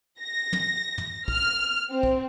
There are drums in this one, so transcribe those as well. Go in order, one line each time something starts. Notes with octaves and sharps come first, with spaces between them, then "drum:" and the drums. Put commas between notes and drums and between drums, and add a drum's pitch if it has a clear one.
A#6
drum: tom
drum: tom
F6, drum: kick
C4
drum: kick